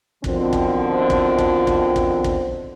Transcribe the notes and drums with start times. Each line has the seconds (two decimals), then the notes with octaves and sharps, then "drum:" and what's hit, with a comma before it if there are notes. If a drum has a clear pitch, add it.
0.24 F2 B2 D3 D#3 F3 C4, drum: kick
0.53 drum: kick
1.10 drum: kick
1.38 drum: kick
1.67 drum: kick
1.96 drum: kick
2.24 drum: kick